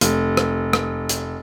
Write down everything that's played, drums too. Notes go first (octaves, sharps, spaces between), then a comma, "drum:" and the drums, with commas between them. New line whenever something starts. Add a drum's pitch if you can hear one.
F1, drum: hi-hat
drum: rim click
drum: rim click
drum: hi-hat